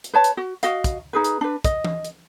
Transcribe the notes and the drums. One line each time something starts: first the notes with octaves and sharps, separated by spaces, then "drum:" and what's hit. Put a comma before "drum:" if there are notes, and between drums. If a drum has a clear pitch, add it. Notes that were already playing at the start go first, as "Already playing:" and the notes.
drum: hi-hat
B4 C#5 A5
drum: hi-hat
F#4
F#4 D#5 F5, drum: hi-hat
drum: kick, hi-hat
D#4 G#4 B4
drum: hi-hat
D4 B4
D#5, drum: kick, hi-hat
drum: tom E3
drum: hi-hat